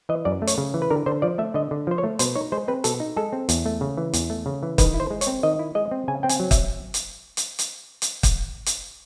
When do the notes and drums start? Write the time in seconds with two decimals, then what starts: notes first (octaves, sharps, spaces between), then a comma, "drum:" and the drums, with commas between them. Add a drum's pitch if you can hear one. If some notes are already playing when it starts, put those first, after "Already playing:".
0.09 E3 D#5
0.25 F#2 D5
0.42 A3
0.47 C#5, drum: hi-hat
0.58 C#3
0.74 E3
0.82 B4
0.91 D3 A#4
1.06 D3 C5
1.22 F3 D5
1.38 A3 E5
1.54 D3 D#5
1.71 D3
1.87 F3 C5
1.98 C#5
2.04 A3
2.19 B2 C5, drum: hi-hat
2.35 D#4 C#5
2.52 G#3 C5
2.68 C4 B4
2.84 B2 A4, drum: hi-hat
3.00 D#4
3.17 G#3 A4
3.33 C4
3.49 E2, drum: hi-hat
3.66 A3
3.81 C#3
3.97 E3
4.13 E2, drum: hi-hat
4.30 A3
4.46 C#3
4.63 E3
4.78 D#3 B4, drum: kick, hi-hat
4.94 E4
5.00 C5
5.11 G#3
5.21 C#5, drum: hi-hat
5.27 C4
5.43 D#3 D#5
5.59 E4
5.75 G#3 D#5
5.91 C4
6.08 C#3 G#5
6.23 C4 G5
6.29 G#5, drum: hi-hat
6.40 F#3
6.51 E5, drum: kick, hi-hat
6.94 drum: hi-hat
7.37 drum: hi-hat
7.59 drum: hi-hat
8.02 drum: hi-hat
8.23 drum: kick, hi-hat
8.66 drum: hi-hat